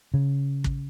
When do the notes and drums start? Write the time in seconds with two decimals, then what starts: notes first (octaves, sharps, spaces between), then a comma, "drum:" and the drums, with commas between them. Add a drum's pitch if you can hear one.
0.14 C#3
0.64 drum: kick